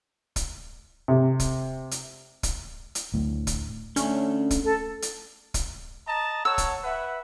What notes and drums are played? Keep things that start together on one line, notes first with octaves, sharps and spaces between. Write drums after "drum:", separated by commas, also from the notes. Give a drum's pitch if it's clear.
drum: kick, hi-hat
C3
drum: kick, hi-hat
drum: hi-hat
drum: kick, hi-hat
drum: hi-hat
D2 A2
drum: kick, hi-hat
D3 A3 C#4, drum: hi-hat
drum: kick, hi-hat
A4
drum: hi-hat
drum: kick, hi-hat
D#5 A5 A#5
C#5 F#5 A5 E6
drum: kick, hi-hat
B4 E5 F#5